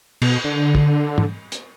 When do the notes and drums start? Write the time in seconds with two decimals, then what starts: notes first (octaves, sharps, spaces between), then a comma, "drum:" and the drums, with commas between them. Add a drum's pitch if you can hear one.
0.22 B2, drum: cymbal
0.44 D3
0.75 drum: kick
1.18 drum: tom
1.52 drum: hi-hat